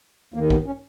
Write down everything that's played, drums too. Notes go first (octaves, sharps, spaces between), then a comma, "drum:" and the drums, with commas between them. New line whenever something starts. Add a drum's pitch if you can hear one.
D#2 D#3 A#3
B3, drum: kick
C#4